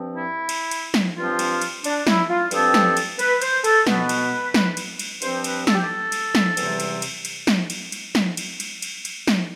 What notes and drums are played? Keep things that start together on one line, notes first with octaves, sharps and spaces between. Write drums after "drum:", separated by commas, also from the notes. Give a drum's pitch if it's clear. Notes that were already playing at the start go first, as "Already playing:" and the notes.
Already playing: G2 F3 C4
E4
drum: cymbal
drum: cymbal
drum: snare
G2 F3 C4 F4
drum: cymbal
drum: cymbal
D4, drum: cymbal
E4, drum: snare
F4
G2 F3 C4 A4, drum: cymbal
drum: snare
drum: cymbal
B4, drum: cymbal
C5, drum: cymbal
A4, drum: cymbal
B2 B3 B4, drum: snare
drum: cymbal
drum: snare
drum: cymbal
drum: cymbal
G2 F3 C4 C5, drum: cymbal
B4, drum: cymbal
A4, drum: snare
G4
A4
drum: cymbal
drum: snare
E2 C3 E3 G3 C4, drum: cymbal
drum: cymbal
drum: cymbal
drum: cymbal
drum: snare
drum: cymbal
drum: cymbal
drum: snare
drum: cymbal
drum: cymbal
drum: cymbal
drum: cymbal
drum: snare